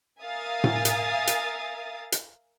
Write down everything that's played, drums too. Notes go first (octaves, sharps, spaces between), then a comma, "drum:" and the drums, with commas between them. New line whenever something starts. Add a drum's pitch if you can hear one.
A#4 E5 F5 G#5 D#6 A6
drum: tom A2
drum: hi-hat
drum: hi-hat
drum: hi-hat